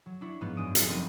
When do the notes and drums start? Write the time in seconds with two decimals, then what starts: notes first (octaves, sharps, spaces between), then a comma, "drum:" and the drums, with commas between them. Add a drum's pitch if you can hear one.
0.06 F#3
0.21 D4 E4 C#5
0.41 G#2 F3 B3 F5
0.57 F#2 G#3 D4 D#6 D7
0.75 D#4 A4 A#4 C5, drum: hi-hat
0.88 F1 F#3 C4 F4 A#4 D#7